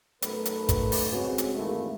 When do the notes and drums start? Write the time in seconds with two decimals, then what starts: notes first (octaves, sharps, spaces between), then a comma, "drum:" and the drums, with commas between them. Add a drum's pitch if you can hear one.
0.22 B1 F#2 A3 A#4 B4, drum: hi-hat
0.45 drum: hi-hat
0.69 drum: kick, hi-hat
0.92 drum: open hi-hat
1.11 C#3 G#3 C4 C#4 F#4
1.38 drum: hi-hat
1.55 G#1 E2 G#2 A3 A#3 E4